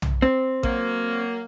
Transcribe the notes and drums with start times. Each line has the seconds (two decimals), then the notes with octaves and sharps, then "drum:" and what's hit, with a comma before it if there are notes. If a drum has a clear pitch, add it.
0.02 drum: tom B1
0.22 C4
0.63 F#3 A#3, drum: kick A1